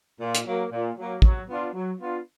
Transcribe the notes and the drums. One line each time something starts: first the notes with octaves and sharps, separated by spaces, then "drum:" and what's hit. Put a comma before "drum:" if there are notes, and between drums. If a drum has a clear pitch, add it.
A#2
drum: hi-hat
F#3 A#3
A#2
F#3 A#3
F#3, drum: kick
B3 D4 F4
F#3
B3 D4 F4